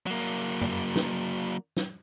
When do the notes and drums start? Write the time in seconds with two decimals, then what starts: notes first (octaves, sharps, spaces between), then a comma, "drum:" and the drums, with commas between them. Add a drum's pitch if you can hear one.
0.06 F#3 A#3
0.61 drum: tom F2
0.96 drum: snare
1.77 drum: snare